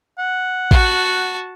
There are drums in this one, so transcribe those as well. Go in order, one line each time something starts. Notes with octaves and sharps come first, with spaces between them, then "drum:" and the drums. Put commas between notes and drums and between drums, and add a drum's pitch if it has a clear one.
F#5
F#4 A5, drum: kick A1